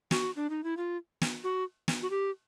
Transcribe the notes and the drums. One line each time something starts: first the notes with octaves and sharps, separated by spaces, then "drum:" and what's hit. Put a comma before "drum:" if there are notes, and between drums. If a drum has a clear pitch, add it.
F#4, drum: snare
D4
D#4
E4
F4
drum: snare
F#4
drum: snare
F#4
G4